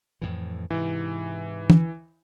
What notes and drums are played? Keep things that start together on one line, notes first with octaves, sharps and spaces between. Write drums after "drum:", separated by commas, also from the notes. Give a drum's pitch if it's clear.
F2 A2 E3
G#2 C3 E3
drum: tom